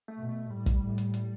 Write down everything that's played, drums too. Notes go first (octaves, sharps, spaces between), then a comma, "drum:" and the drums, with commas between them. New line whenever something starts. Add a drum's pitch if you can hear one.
A3
B2
A3
A2 G3
drum: kick, hi-hat
A2
drum: hi-hat
drum: hi-hat